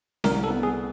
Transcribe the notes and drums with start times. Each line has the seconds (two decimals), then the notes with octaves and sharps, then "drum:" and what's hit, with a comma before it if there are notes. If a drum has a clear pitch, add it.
0.24 C2 A#4, drum: snare C#4
0.44 A4
0.50 B3
0.63 G#4